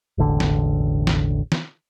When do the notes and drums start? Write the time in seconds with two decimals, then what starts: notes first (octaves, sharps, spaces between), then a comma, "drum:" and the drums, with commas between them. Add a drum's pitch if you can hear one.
0.18 E1 A1 D3
0.40 drum: snare
1.07 drum: snare
1.52 drum: snare